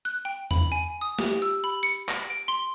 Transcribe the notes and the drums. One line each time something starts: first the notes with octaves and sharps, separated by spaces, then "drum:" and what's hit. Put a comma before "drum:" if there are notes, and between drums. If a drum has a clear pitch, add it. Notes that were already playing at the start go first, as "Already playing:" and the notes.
F#6
G5
B5, drum: tom E2
G#5
D#6
G4, drum: snare
E6
B5
C#7
A#6, drum: clap
D7
C6